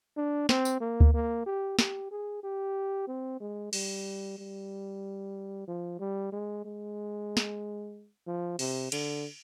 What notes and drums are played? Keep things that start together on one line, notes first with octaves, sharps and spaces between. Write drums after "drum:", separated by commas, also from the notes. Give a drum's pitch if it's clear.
D4
C4, drum: snare
drum: tambourine
A#3
drum: kick D2
A#3
G4
G4, drum: snare
G#4
G4
C4
G#3
G3, drum: cymbal
G3
F3
G3
G#3
G#3
drum: snare
F3
C3, drum: cymbal
D3, drum: cymbal